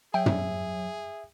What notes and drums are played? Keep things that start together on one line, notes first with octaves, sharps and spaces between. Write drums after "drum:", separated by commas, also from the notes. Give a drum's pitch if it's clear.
F#3 G#4 E5 G5
drum: tom